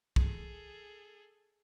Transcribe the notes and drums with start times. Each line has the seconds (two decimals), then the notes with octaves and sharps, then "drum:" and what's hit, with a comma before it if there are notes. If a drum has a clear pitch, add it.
0.16 G#4 A4, drum: kick